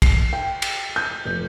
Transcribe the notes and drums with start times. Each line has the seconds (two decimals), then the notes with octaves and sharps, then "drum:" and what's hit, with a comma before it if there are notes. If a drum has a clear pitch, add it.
0.02 C7, drum: kick, cymbal
0.33 G5
0.62 drum: cymbal
0.96 G6
1.25 F1